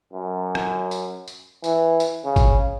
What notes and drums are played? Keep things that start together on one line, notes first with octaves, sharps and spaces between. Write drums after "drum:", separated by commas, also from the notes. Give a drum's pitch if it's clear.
F#2
drum: rim click
drum: tambourine
drum: tambourine
E3, drum: tambourine
drum: tambourine
C#3
drum: kick G#1, tambourine